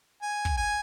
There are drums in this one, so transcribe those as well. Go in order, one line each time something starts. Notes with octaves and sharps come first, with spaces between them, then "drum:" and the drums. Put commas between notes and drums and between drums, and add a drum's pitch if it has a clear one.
G#5
drum: kick
G#5